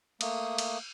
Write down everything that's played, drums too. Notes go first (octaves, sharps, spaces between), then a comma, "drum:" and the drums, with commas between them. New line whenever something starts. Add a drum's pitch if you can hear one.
A3 A#3 D#6, drum: cymbal
drum: cymbal